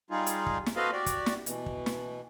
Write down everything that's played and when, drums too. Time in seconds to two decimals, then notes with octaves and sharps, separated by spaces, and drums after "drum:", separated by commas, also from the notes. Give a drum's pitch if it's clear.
0.10 G3 D#4 F4 G#4
0.26 drum: hi-hat
0.46 drum: kick
0.66 drum: snare
0.76 F#4 A4 B4 C5 D#5 F5
0.92 F#4 G4 D5
1.06 drum: kick, hi-hat
1.26 drum: snare
1.46 B2 E3, drum: hi-hat
1.66 drum: kick
1.86 drum: snare